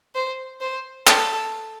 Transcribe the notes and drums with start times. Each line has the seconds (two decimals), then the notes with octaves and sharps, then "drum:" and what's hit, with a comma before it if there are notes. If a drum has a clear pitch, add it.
0.15 C5
0.61 C5
1.07 A4, drum: clap